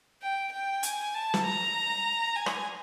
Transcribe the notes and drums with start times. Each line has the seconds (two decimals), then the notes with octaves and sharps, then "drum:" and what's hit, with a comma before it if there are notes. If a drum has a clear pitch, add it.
0.23 G5
0.52 G5
0.83 G#5, drum: hi-hat
1.14 A5
1.34 drum: snare
1.45 A#5
2.36 G#5
2.46 drum: rim click